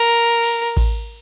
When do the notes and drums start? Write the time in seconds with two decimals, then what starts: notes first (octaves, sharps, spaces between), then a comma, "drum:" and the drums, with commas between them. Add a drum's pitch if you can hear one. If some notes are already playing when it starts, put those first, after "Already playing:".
Already playing: A#4
0.43 drum: cymbal
0.77 drum: kick A1, cymbal